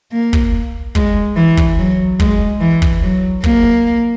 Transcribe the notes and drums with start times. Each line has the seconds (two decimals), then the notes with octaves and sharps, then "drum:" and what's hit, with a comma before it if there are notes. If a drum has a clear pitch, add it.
0.12 A#3
0.33 drum: kick
0.95 G#3, drum: kick
1.37 E3
1.57 drum: kick
1.78 F#3
2.20 G#3, drum: kick
2.61 E3
2.82 drum: kick
3.03 F#3
3.44 A#3, drum: kick